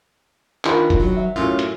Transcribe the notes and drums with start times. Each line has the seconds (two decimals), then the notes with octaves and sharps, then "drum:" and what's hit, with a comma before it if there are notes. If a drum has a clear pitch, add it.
0.65 D#3 D4 F4 A#4 B4, drum: clap
0.90 drum: kick, hi-hat
1.00 F#3
1.17 E5
1.36 F#2 A2 A3 C#4 F4
1.59 drum: hi-hat